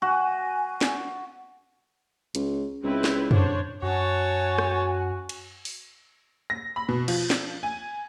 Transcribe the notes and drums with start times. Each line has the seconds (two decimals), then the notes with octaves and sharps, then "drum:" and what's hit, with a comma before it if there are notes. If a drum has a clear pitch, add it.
0.02 F#4 G#5
0.81 drum: snare
2.35 C#2, drum: hi-hat
2.84 C#2 C4 E4 B4
3.04 drum: snare
3.31 D3 D4 C5 C#5, drum: tom
3.82 F#2 F#4 C#5 G#5 A5
4.58 drum: rim click
5.29 drum: cymbal
5.65 drum: open hi-hat
6.50 A#6
6.76 B5
6.89 B2
7.08 F3, drum: cymbal
7.30 drum: snare
7.63 G#5